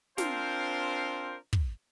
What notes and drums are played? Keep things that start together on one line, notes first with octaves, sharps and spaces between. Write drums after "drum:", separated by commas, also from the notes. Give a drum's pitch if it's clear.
C4 D4 F4 A#4 C5, drum: snare
drum: kick